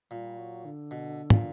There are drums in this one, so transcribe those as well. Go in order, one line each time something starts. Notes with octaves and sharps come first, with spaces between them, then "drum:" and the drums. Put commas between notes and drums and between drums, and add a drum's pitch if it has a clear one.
A#2 G3
F#3
D3
B2
A#2, drum: tom